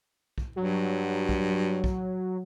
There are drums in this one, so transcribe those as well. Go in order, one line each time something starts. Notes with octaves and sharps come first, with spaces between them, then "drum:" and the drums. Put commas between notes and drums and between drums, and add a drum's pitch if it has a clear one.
drum: kick
G2 F#3
drum: kick
drum: kick